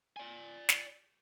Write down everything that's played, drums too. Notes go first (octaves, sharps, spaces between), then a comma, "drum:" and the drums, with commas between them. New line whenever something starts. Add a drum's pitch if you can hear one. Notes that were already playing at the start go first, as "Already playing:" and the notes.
D5 G#5
drum: snare